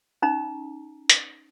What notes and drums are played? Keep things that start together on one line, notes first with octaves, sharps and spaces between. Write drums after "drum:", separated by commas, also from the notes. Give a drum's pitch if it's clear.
C#4 D#4 A#5
drum: hi-hat